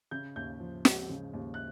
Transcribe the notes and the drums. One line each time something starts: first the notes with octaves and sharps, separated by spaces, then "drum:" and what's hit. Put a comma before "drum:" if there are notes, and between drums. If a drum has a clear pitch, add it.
C#3 G6
D#2 G6
F3
G#3, drum: snare
C#3
D#2
F#6